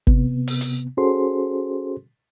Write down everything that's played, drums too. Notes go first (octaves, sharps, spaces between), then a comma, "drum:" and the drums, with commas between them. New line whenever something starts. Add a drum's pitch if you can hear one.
C3 B3, drum: kick G#1
drum: open hi-hat
drum: hi-hat
C#4 F#4 G#4 A4 C5 C6